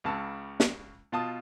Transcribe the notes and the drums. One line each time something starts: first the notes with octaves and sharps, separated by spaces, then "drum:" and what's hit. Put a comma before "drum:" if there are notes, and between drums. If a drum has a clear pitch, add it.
C#2 C#3 A5 E6
drum: snare
B2 F4 A5 D#6